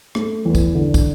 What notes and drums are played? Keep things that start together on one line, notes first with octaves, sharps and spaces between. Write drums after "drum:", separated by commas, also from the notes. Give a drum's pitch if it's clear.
A3, drum: rim click
E2
drum: kick, tambourine
D3
drum: kick, tambourine